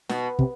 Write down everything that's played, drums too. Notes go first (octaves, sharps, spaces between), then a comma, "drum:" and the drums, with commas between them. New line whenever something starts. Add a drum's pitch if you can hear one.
B2, drum: snare
C3, drum: kick